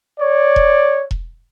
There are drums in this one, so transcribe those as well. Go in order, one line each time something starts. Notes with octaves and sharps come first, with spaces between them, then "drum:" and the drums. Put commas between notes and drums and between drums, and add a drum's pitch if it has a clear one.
C#5 D5
drum: kick E1
drum: kick E1